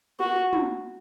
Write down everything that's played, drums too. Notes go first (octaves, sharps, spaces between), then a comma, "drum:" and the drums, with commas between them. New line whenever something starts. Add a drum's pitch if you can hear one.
F#4
drum: tom